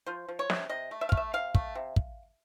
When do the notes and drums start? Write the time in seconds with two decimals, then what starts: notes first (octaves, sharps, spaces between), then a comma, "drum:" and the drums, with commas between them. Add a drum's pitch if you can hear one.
0.06 F3 C5
0.29 F3
0.39 C#5
0.50 C3, drum: snare
0.69 C3 D#5
0.91 A3
1.01 E5
1.09 F5
1.12 A3, drum: kick
1.17 E5
1.33 C3 F5
1.55 A3, drum: kick
1.75 C3
1.96 drum: kick